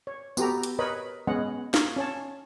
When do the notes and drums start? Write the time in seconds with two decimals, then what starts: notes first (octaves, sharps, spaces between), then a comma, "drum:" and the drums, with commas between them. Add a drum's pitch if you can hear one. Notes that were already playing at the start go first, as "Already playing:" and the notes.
0.07 C#5
0.37 B3 F#4 G4 A4 A#5, drum: tambourine
0.63 drum: hi-hat
0.79 A#4 B4 C#5 D#5 B5
1.27 G#3 B3 C#4 D#5 F#5
1.74 F5, drum: snare
1.96 C#4 C#5 A5